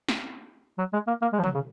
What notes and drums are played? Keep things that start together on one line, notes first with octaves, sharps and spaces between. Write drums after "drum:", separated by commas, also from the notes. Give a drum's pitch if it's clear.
drum: snare
F#3
G#3
A#3
A#3
G#3
F3
F#3, drum: tom
C#3